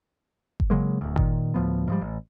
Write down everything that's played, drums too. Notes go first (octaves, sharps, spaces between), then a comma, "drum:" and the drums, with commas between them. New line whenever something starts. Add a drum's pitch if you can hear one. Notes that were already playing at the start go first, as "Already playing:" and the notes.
drum: kick G1
C#3 F#3 G#3 A#3
D1 D2
A#2 D#3, drum: kick G1
D2 A2 F3 B3
G#2 F3 G3
A1